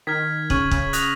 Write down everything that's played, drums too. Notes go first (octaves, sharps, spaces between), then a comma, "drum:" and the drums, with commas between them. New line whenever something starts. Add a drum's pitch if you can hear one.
D#3 F6 G#6 B6
C#3 C#6 F6 G#6 D#7 F#7, drum: kick
C#3, drum: kick
D#6 F#6 A#6 F7, drum: hi-hat